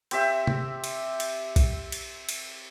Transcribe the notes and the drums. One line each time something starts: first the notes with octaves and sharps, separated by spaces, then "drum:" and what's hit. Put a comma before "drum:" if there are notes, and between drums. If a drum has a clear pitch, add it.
C4 G4 E5, drum: cymbal
drum: tom C3
drum: cymbal
drum: cymbal
drum: kick, cymbal
drum: cymbal
drum: cymbal